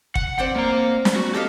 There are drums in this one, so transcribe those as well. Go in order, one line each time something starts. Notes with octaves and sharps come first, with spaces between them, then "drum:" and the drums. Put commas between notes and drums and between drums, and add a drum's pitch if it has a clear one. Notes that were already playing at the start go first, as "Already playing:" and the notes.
F#5, drum: kick
C4 D5 F#5 G5
A#3 A#5
drum: snare
F#4
G4 A4 D#5 F5